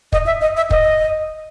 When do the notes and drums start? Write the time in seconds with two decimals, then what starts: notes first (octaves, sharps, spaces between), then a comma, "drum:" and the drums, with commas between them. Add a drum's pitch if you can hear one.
0.13 D#5, drum: kick
0.26 E5
0.41 D#5
0.57 E5
0.71 D#5, drum: kick